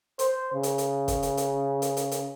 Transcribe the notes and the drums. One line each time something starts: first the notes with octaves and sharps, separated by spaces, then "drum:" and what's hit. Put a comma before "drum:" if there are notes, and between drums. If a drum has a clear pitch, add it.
C5, drum: hi-hat
C#3
drum: hi-hat
drum: hi-hat
drum: kick, hi-hat
drum: hi-hat
drum: hi-hat
drum: hi-hat
drum: hi-hat
drum: hi-hat